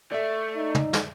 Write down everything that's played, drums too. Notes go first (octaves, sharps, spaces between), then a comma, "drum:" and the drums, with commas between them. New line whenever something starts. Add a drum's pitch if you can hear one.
A3 D5 E5
D#4
drum: tom
drum: snare